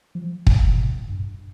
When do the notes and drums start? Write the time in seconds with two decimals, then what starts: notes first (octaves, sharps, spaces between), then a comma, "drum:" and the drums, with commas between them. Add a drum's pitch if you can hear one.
0.15 F3
0.47 D3, drum: kick
0.69 A2
0.78 B2
1.09 G2